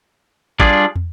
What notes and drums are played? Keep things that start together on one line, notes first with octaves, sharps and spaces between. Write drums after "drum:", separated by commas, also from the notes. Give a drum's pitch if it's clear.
G3 D4 F4 G#4, drum: kick A1
drum: tom